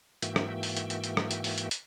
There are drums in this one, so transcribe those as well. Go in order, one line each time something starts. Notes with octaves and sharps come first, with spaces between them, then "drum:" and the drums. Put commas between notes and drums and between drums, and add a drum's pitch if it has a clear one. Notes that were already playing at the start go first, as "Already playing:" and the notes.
G#2 E3 A#3 F#4 E5 G5, drum: hi-hat
drum: rim click
drum: open hi-hat
drum: hi-hat
drum: hi-hat
drum: hi-hat
drum: rim click
drum: hi-hat
drum: open hi-hat
drum: hi-hat
drum: hi-hat